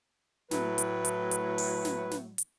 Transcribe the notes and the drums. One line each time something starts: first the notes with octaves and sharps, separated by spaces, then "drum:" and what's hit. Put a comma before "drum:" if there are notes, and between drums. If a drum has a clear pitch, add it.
A2 F#3 B4, drum: snare
drum: hi-hat
drum: hi-hat
drum: hi-hat
drum: open hi-hat
drum: snare
drum: snare
drum: hi-hat